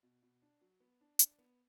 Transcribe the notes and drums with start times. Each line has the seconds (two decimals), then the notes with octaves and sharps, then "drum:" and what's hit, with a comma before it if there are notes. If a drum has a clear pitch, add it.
0.03 B2
0.23 B2
0.42 D4
0.61 F#3
0.80 B3
1.01 D4
1.19 D4, drum: hi-hat
1.38 B3